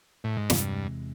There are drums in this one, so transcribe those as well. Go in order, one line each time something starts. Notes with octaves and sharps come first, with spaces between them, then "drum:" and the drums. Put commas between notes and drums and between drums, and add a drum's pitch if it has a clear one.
A2
G#2
E2 G2 C3 E3 G#3, drum: snare